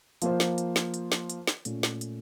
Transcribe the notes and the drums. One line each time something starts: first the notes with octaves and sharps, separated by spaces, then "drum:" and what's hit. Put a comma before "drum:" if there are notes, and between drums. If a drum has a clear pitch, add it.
F3 A#3 F4 C5, drum: hi-hat
drum: snare
drum: hi-hat
drum: snare
drum: hi-hat
drum: snare
drum: hi-hat
drum: snare
A#2 A3 C#4, drum: hi-hat
drum: snare
drum: hi-hat